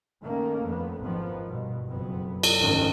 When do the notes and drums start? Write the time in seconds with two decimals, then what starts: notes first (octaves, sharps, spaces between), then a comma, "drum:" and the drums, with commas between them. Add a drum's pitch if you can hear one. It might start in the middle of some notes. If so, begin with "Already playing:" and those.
0.21 D#3 A3 A#3 C#4
0.65 F2 B3
1.01 G#1 D#3 F3 B3
1.47 G2 B2
1.86 F#1 F2 F#3 B3
2.43 drum: cymbal
2.60 F#1 D2 G#2 D#3 F3 C#4